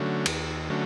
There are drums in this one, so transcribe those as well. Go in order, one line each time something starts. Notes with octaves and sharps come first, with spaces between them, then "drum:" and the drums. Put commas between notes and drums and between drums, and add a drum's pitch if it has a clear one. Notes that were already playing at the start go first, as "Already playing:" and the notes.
Already playing: D3 F#3 A3 C#4
D#2, drum: cymbal
D3 F#3 A3 C#4